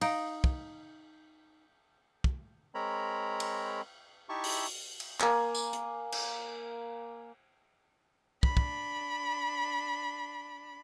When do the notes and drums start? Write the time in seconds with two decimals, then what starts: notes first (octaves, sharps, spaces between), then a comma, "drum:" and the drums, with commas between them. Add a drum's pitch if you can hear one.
0.01 D#4 F5 D7, drum: cymbal
0.44 drum: kick
2.24 drum: kick
2.75 G#3 C4 A#4 C#5 A#5 B5
3.40 drum: cymbal
4.29 D#4 E4 G4 E5 A5 C#6
4.44 drum: open hi-hat
5.00 drum: cymbal
5.20 A#3 G#5, drum: clap
5.55 drum: tambourine
5.73 drum: hi-hat
6.12 drum: cymbal
8.43 D4 B5, drum: kick
8.57 drum: kick